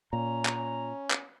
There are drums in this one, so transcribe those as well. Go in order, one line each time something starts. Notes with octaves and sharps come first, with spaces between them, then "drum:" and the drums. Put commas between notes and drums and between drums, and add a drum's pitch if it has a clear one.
A#2 C#4 A#5
drum: clap
C#4
drum: clap